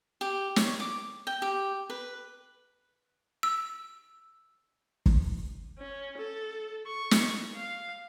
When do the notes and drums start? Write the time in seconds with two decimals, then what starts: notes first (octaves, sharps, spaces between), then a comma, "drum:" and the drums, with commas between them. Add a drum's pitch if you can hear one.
0.21 G4
0.56 C#5, drum: snare
0.80 D6
1.27 G5
1.42 G4
1.90 B4
3.43 E6
5.06 drum: kick
5.79 C#4
6.17 A4
6.87 C#6
7.11 drum: snare
7.55 F5